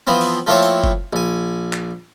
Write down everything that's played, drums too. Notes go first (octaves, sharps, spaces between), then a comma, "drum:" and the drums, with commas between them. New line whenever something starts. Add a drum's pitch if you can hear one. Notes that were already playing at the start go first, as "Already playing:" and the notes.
E3 F3 B3 C4
drum: open hi-hat
F3 A3 A#3 C4 E4 C#5
drum: tambourine
drum: kick F#1
A#1 G#5
drum: clap